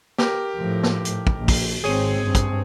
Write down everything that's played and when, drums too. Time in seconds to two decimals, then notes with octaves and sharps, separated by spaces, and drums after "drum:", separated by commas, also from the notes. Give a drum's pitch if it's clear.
0.18 G4 A#4, drum: snare
0.56 A2 F3
0.83 drum: snare
1.05 drum: hi-hat
1.27 drum: kick
1.39 A#1
1.48 drum: kick, open hi-hat
1.84 G#1 C4 G#4 C#5 D#7
2.24 G2 C4
2.35 drum: kick, hi-hat